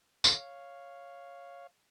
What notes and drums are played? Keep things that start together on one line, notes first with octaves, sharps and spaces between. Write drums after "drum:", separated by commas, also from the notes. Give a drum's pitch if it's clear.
C#5 F5, drum: tambourine